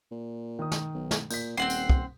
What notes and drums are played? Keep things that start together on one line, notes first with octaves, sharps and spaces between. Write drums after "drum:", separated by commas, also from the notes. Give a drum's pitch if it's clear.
A#2
D#3 D#6
drum: snare
B1
drum: snare
A#2 G6 B6, drum: tambourine
D#1 C4 F#5 C6
drum: tambourine
drum: kick